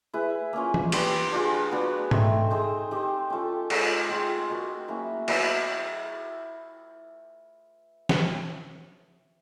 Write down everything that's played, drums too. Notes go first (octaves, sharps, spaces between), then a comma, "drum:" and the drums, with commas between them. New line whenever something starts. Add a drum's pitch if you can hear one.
E4 G#4 B4
A#3 C#4 F4
drum: tom E3
B3 D4 G4 C5, drum: cymbal
D4 F4 G#4
F#3 B3 D4
A3 C4 D#4, drum: tom G#2
C4 D#4 G#4 C5
C4 D#4 G4
C#4 F4 A4
G#3 C#4 F4, drum: cymbal
C4 F4 G#4
D#4 F#4 A#4
F#3 A#3 C#4 E4
F#3 B3 E4, drum: cymbal
drum: snare